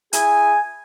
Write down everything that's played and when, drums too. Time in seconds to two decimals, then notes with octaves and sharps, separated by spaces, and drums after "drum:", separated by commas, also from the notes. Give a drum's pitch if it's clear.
0.13 E4 G#4 G#5, drum: hi-hat